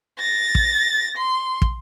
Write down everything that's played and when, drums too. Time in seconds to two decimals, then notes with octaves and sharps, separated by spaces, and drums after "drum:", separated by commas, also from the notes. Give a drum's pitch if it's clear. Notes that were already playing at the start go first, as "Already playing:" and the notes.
0.19 A6 A#6
0.55 drum: kick
1.17 C6
1.62 drum: kick